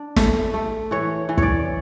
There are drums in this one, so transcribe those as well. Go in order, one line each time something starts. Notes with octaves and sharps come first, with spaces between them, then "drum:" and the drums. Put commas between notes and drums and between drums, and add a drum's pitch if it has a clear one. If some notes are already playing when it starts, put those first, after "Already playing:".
Already playing: D4
A3, drum: snare
A3
E3 C#5
E3
C#5 D5, drum: kick